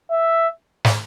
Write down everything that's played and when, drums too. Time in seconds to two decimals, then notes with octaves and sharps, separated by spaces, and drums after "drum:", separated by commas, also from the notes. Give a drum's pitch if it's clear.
0.11 E5
0.85 drum: snare